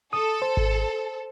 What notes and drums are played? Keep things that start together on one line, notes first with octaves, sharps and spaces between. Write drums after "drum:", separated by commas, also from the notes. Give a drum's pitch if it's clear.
A4 D#6
C5
drum: kick G#1